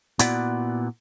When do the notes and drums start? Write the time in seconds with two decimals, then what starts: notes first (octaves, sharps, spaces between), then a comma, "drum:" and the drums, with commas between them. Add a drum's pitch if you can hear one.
0.19 A#2 B3 E4 F#4 D5 F#5, drum: hi-hat